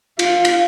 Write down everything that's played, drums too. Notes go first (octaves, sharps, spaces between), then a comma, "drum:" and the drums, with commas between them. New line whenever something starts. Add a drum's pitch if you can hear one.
F4, drum: cymbal
drum: cymbal